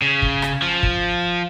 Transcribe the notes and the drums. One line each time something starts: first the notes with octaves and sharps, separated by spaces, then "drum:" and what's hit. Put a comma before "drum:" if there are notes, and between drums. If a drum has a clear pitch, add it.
C#3
drum: kick
drum: rim click
F3
drum: kick